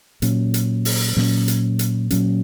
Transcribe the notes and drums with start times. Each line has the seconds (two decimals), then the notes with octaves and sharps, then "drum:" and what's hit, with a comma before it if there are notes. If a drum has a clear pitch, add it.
0.22 A#2 F#3 C#4, drum: hi-hat
0.54 drum: hi-hat
0.85 drum: open hi-hat
1.17 A#2 F#3 C#4, drum: snare
1.48 drum: hi-hat
1.79 drum: hi-hat
2.10 A#2 F#3 C#4, drum: hi-hat